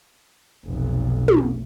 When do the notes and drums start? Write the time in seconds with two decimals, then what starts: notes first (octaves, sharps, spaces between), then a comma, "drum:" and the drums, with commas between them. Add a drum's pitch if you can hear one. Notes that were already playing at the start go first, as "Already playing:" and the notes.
0.65 F1 B1
1.28 drum: tom